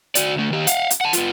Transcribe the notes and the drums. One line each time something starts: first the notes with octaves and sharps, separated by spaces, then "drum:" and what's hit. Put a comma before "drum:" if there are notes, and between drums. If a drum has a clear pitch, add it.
F#4 D5, drum: hi-hat
D2 A3
D#3 G4
F5 F#5, drum: hi-hat
drum: hi-hat
F#5 A5
B3 F4, drum: hi-hat